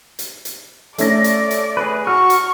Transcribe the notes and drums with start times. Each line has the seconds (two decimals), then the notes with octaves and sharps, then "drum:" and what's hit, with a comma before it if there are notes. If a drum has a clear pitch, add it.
0.19 drum: hi-hat
0.45 drum: hi-hat
0.98 A3 C#4 D5 A#6, drum: hi-hat
1.24 drum: hi-hat
1.51 drum: hi-hat
1.77 G#4 B4
2.07 F#4 C#6 F6
2.30 drum: hi-hat